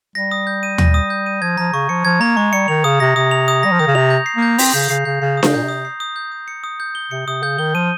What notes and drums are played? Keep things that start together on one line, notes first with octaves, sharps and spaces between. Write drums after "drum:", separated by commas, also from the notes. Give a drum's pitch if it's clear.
G3 A#6
D#6
G6
D#7
A#6, drum: tom D#2
D#6
G6
D#7
F3 G#6
F3 A#5
C#3 C#6
F3 C#7
F3 G#6
A#3 A#5
G#3 C#6
G3 C#7
D#3 F7
C#3 D#6
C3 A#6
C3 D#6
F7
D#6
G3 A#6
F3
D#3 D#6
C#3
C3 F7
G6
C7
A#3
G6
C4 F7, drum: open hi-hat
C#3 G6
C#3 C7
C#3 G6
C#3 C7
D#6
C#3, drum: snare D4
A#2 G6
C3
D#6
C7
D#6
G6
D#6
C#7
D#6
G6
G7
C3 C#7
C3 D#6
C#3 G6
D#3 G7
F3 D#7